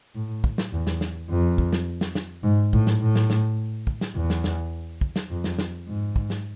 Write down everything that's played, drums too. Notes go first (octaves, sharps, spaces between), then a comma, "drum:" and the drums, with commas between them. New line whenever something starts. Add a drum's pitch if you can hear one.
A2
drum: kick
drum: snare
E2
drum: snare
drum: snare
F2
drum: kick
drum: snare
drum: snare
drum: snare
G#2
A2, drum: kick
drum: snare
A2
drum: snare
drum: snare
drum: kick
drum: snare
E2
drum: snare
drum: snare
drum: kick
drum: snare
F2
drum: snare
drum: snare
G#2
drum: kick
drum: snare